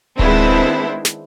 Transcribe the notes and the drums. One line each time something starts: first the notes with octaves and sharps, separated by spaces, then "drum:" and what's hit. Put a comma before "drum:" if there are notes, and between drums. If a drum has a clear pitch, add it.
D#3 G#3 B3 C4 D4 E4, drum: kick D1
drum: snare